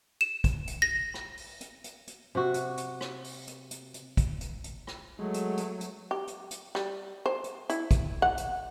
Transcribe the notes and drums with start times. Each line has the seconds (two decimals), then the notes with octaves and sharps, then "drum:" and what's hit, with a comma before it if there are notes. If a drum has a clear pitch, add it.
0.21 E7
0.44 drum: kick, hi-hat
0.67 drum: hi-hat
0.82 A#6
1.14 drum: rim click
1.37 drum: open hi-hat
1.61 drum: hi-hat
1.84 drum: hi-hat
2.07 drum: hi-hat
2.35 C3 F#4
2.54 drum: hi-hat
2.77 drum: hi-hat
3.01 drum: rim click
3.24 drum: open hi-hat
3.47 drum: hi-hat
3.71 drum: hi-hat
3.94 drum: hi-hat
4.17 drum: kick, hi-hat
4.41 drum: hi-hat
4.64 drum: hi-hat
4.87 drum: rim click
5.19 F#3 G#3 A3
5.34 drum: hi-hat
5.57 drum: hi-hat
5.81 drum: hi-hat
6.11 G4
6.27 drum: hi-hat
6.51 drum: hi-hat
6.75 G3, drum: rim click
7.26 C5
7.44 drum: hi-hat
7.70 E4, drum: hi-hat
7.91 drum: kick, hi-hat
8.22 F#5
8.37 drum: hi-hat